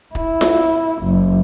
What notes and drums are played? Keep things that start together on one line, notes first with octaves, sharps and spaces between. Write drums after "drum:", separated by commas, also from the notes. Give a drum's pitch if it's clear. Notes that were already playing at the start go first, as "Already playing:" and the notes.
E4, drum: kick
drum: snare F4
F#1